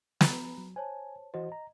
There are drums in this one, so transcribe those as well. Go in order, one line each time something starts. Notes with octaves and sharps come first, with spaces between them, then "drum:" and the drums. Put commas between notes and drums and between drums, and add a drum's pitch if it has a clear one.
A#5 B5, drum: snare
F#3
C5 C#5 G#5 A5
E3 F#4 C5 D#5
A#5